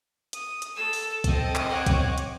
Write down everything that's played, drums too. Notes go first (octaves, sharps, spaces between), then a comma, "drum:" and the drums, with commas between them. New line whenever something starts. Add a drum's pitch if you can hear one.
D#6, drum: hi-hat
drum: hi-hat
A4 E6
drum: open hi-hat
C4 D#5, drum: kick, hi-hat
drum: clap
C#5 F#5 D6
drum: kick, hi-hat
drum: hi-hat